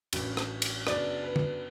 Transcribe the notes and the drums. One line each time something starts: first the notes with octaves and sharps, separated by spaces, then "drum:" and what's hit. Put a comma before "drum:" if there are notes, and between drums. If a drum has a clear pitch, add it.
A1 G2 F#3 C#4, drum: cymbal
drum: rim click
drum: cymbal
F#2 C#3 F#3 B3 D4 D5, drum: rim click
B4
drum: tom